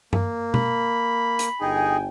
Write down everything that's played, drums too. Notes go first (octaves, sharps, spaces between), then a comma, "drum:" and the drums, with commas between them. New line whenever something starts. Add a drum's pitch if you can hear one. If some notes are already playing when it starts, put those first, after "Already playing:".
A#3, drum: tom G2
B5, drum: tom B2
drum: hi-hat
G1 D#4 G#4 G5 G#5